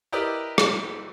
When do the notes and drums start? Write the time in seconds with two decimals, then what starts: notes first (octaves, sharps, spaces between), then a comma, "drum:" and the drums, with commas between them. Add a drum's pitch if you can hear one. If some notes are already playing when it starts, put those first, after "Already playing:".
0.12 E4 G4 A#4 B4 D5 D#5
0.58 drum: rim click